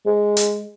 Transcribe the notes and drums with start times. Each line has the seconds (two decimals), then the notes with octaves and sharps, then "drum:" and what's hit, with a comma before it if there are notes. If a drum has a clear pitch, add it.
0.07 G#3
0.37 drum: hi-hat